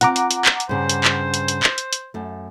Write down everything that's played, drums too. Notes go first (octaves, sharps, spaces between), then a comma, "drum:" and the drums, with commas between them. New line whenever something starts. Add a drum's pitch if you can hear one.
C4 F4 F#5 A#5 D6, drum: hi-hat
drum: hi-hat
drum: hi-hat
drum: clap
drum: hi-hat
G2 C#3 C5
drum: hi-hat
drum: clap
drum: hi-hat
drum: hi-hat
drum: clap
drum: hi-hat
drum: hi-hat
F#2 A3